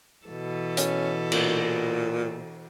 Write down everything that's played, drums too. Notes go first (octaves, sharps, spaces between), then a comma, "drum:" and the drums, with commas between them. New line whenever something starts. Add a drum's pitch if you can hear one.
B2 E3 A4
C#4, drum: hi-hat
A#2, drum: cymbal